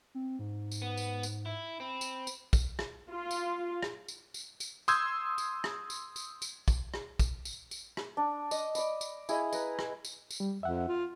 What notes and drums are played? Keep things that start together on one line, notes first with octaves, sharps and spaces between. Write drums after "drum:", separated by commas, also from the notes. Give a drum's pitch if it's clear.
C4
G#2
drum: tambourine
B3
drum: tambourine
drum: tambourine
E4
C4 B5
drum: tambourine
drum: tambourine
drum: kick, tambourine
drum: rim click
F4
drum: tambourine
drum: rim click
drum: tambourine
drum: tambourine
drum: tambourine
C6 D#6 E6 G6 G#6, drum: tambourine
drum: tambourine
drum: rim click
drum: tambourine
drum: tambourine
drum: tambourine
drum: kick, tambourine
drum: rim click
drum: kick, tambourine
drum: tambourine
drum: tambourine
drum: rim click
D4
D#5, drum: tambourine
D5 B5, drum: tambourine
drum: tambourine
E4 G#4 D#5 F5, drum: tambourine
B4 A#5, drum: tambourine
drum: rim click
drum: tambourine
drum: tambourine
G3
F2 E5 F#5
F4